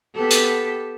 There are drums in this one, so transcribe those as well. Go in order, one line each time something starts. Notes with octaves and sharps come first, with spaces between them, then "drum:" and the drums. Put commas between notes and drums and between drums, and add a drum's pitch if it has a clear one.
B3 G4 A4
drum: hi-hat